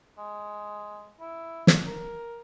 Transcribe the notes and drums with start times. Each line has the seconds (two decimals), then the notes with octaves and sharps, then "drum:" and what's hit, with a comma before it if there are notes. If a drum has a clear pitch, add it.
0.17 G#3
1.20 E4
1.67 drum: snare
1.87 A#4